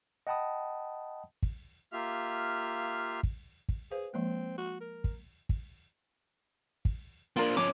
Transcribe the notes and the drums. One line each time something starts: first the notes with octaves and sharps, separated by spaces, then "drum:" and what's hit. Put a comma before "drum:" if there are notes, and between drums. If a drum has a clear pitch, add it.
D#5 F#5 G5 A5 B5 D#6
drum: kick
A#3 F4 G4 E5 F5 F6
drum: kick
drum: kick
G#4 B4 C5 F5
F3 G#3 A#3 C4
F#4
A#4
drum: kick
drum: kick
drum: kick
A#3 D4 F4 A#4
F3 C#4 D6